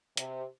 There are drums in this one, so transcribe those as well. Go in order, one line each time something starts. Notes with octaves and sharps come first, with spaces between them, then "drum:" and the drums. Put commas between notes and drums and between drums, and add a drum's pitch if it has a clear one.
C3, drum: hi-hat